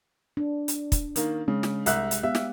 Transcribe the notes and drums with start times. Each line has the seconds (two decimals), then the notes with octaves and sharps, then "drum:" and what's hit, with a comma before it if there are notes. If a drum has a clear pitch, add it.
0.37 D4
0.68 drum: hi-hat
0.92 drum: kick, hi-hat
1.16 D#3 A#3, drum: hi-hat
1.48 C#3 G#3
1.63 drum: snare
1.86 C2 G4 E5 F#6, drum: hi-hat
2.11 drum: hi-hat
2.23 B3 G4 E5 F5
2.35 drum: snare